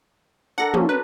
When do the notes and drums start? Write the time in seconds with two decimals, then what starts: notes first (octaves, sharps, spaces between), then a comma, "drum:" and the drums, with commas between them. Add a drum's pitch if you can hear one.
0.58 D4 A4 A#4 F#5 A#6
0.74 F3 F#3 A#3 C#4 C6, drum: tom
0.89 B4 A#5